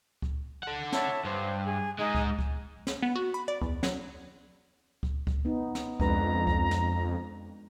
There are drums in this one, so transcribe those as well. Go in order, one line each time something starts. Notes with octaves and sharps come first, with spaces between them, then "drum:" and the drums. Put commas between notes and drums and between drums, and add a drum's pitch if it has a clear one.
drum: kick C#2
A4 F#5
E4 C#5 A5, drum: snare
G2 C5
G#4
G#2 G#3 D#4 G#4 D#5
drum: kick C#2
drum: kick C#2
drum: snare
B3
F#4
B5
D5
E2, drum: kick C#2
F#3, drum: snare
drum: kick C#2
drum: kick C#2
B3 D#4
drum: snare
F2 G#3 D4 B4 A#5, drum: kick C#2
drum: kick C#2
drum: snare